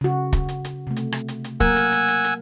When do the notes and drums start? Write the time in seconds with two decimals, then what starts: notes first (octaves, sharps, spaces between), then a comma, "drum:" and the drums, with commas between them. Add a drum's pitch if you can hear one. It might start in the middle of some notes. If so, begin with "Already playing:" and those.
0.01 C#3 F#4
0.33 drum: kick, hi-hat
0.49 drum: hi-hat
0.65 drum: hi-hat
0.87 C3 A3
0.96 drum: hi-hat
1.12 drum: rim click
1.28 drum: hi-hat
1.44 drum: hi-hat
1.60 F#3 A#3 A#4 F#5 G#5 E6, drum: kick, hi-hat
1.76 drum: hi-hat
1.92 drum: hi-hat
2.08 drum: hi-hat
2.24 drum: hi-hat